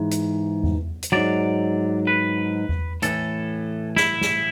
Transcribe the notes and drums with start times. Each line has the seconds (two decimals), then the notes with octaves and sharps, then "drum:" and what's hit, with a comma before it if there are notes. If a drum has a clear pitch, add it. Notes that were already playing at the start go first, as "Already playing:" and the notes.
Already playing: G#2 E3
0.11 drum: hi-hat
0.63 drum: tom E2
1.03 drum: hi-hat
1.12 G#2 F#3 D5
2.07 B4
2.69 drum: tom E2
3.02 A2 E3 A4, drum: hi-hat
3.97 E4, drum: snare
4.21 drum: snare